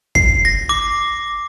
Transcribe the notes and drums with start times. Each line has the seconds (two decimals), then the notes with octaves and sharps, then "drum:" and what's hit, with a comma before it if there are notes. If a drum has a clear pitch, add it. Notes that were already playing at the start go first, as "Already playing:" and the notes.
0.15 C7, drum: kick
0.45 A#6
0.69 D6